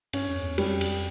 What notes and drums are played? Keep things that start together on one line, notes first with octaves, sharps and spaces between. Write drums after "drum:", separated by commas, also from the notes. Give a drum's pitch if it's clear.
G2 C#4, drum: cymbal
F2
E2
F2 G3, drum: cymbal
drum: cymbal